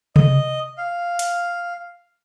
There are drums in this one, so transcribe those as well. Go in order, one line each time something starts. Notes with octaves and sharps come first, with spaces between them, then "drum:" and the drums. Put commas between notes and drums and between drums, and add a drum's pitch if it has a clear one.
D#5, drum: tom C3
F5
drum: hi-hat